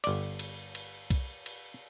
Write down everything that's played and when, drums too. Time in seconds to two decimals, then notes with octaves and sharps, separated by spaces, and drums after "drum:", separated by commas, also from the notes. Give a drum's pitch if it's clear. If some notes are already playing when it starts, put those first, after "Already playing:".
0.04 G1 D5, drum: cymbal
0.39 drum: cymbal
0.75 drum: cymbal
1.10 drum: kick B1, cymbal
1.46 drum: cymbal